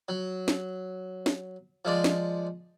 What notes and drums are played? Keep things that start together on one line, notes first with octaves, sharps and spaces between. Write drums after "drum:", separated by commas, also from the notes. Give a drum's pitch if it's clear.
F#3
drum: snare
drum: snare
F3 G#3 D5
drum: snare